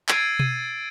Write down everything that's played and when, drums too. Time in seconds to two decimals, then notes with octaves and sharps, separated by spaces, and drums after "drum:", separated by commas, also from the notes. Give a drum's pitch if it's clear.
0.09 E6 G#6 A6 C7 D7 D#7, drum: clap
0.39 D#7, drum: tom B2